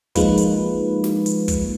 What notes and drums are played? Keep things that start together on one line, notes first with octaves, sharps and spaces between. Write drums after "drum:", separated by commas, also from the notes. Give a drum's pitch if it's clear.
F3 G#3 A#3 D#4 F4 B4, drum: kick, hi-hat
drum: hi-hat
drum: snare
drum: hi-hat
drum: kick, hi-hat